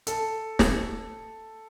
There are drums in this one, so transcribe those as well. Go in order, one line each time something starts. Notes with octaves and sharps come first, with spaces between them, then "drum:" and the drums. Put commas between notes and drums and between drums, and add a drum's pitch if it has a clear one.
A4, drum: hi-hat
drum: snare